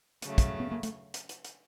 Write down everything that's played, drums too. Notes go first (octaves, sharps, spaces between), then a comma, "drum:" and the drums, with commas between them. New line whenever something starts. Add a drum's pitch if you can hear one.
C#3 F#3 A3, drum: hi-hat
drum: kick, hi-hat
B3
A#3
A3, drum: hi-hat
drum: hi-hat
drum: hi-hat
drum: hi-hat